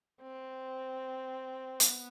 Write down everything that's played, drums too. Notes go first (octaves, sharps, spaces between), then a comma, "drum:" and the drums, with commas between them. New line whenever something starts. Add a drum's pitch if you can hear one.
C4
B3, drum: hi-hat